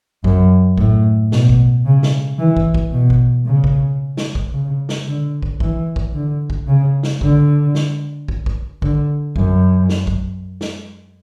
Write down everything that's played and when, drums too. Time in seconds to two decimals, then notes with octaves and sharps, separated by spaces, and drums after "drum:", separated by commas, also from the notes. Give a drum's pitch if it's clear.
0.24 F#2, drum: kick
0.78 A2, drum: kick
1.32 B2, drum: snare
1.49 drum: kick
1.85 C#3
2.03 drum: snare
2.39 E3
2.57 drum: kick
2.74 drum: kick
2.92 B2
3.10 drum: kick
3.46 C#3
3.64 drum: kick
4.17 drum: snare
4.35 drum: kick
4.53 C#3
4.89 drum: snare
5.07 D3
5.42 drum: kick
5.60 E3, drum: kick
5.96 drum: kick
6.14 D3
6.50 drum: kick
6.68 C#3
7.03 drum: snare
7.21 D3, drum: kick
7.75 drum: snare
8.28 drum: kick
8.46 drum: kick
8.82 D3, drum: kick
9.36 F#2, drum: kick
9.89 drum: snare
10.07 drum: kick
10.61 drum: snare